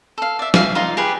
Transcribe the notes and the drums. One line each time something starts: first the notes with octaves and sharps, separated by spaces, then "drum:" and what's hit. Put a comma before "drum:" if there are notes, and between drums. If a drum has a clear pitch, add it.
A4 F5
D5 E5
E5 F5, drum: snare
D#4 F4 D5 F5
G4 G#4 B4